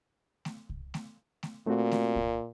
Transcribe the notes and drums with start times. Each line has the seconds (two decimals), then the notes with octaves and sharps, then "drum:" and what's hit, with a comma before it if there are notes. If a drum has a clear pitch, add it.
0.45 drum: snare A3
0.69 drum: kick C2
0.94 drum: snare A3
1.43 drum: snare A3
1.67 A#2 A3 C4 F#4
1.91 drum: snare A3
2.16 drum: kick C2